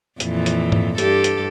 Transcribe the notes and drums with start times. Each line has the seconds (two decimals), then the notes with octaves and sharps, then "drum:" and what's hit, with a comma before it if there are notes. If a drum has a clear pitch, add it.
0.20 F2 A#2 E3, drum: hi-hat
0.46 drum: hi-hat
0.72 drum: tom G#2
0.98 G2 G4 A4, drum: hi-hat
1.24 drum: hi-hat